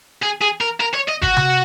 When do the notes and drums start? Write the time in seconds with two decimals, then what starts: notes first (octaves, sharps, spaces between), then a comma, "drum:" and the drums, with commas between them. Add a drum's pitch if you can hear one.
0.23 G#4
0.42 G#4
0.61 A#4
0.80 A#4
0.94 C#5
1.08 D#5
1.22 F#4, drum: kick G1
1.37 drum: tom C3